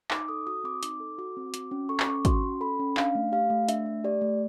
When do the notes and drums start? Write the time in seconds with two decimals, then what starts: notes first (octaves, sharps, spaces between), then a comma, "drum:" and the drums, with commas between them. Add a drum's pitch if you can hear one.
0.11 D#4 D6, drum: clap
0.28 A4 D#6
0.47 F#4 D#6
0.64 C4 D6
0.83 D#4 D6, drum: hi-hat
1.00 A4
1.18 F#4 D6
1.37 C4
1.54 F#4 D6, drum: hi-hat
1.71 C#4
1.89 A4 C#6
2.00 D6, drum: clap
2.07 C#4 C#6
2.25 F#4 C6, drum: kick, hi-hat
2.43 C#4
2.61 A4 B5
2.80 C#4
2.97 D4 F5, drum: clap
3.15 A3
3.32 G4 F5
3.50 A3
3.69 D4 E5, drum: hi-hat
3.86 A3
4.04 G4 D5
4.21 A3